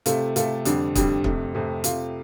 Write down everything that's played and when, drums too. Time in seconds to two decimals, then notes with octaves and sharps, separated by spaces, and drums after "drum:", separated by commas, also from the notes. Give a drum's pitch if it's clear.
0.06 C3 A3 F4 A4, drum: hi-hat
0.36 C3 A3 F4 A4, drum: hi-hat
0.65 F2 D3 G3 D4, drum: hi-hat
0.95 F2 D3 G3 D4, drum: kick, hi-hat
1.24 F2 C3 A3, drum: kick
1.55 F2 C3 A3
1.84 C3 A3 F4, drum: hi-hat